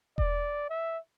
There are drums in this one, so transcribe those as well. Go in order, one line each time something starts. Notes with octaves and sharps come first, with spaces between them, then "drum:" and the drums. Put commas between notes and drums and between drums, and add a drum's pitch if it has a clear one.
D5, drum: kick E1
E5